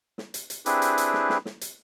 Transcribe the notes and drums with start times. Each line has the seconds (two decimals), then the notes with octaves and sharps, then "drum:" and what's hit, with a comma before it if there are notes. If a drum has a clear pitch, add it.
0.18 drum: snare
0.34 drum: hi-hat
0.50 drum: hi-hat
0.66 C4 D4 E4 G4 G#4 B4, drum: hi-hat
0.82 drum: hi-hat
0.98 drum: hi-hat
1.14 drum: snare
1.30 drum: snare
1.45 drum: snare
1.61 drum: hi-hat